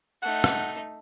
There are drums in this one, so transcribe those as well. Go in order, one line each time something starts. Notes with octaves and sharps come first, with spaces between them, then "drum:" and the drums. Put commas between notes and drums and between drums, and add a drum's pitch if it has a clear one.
A3 D#4 F#5
drum: rim click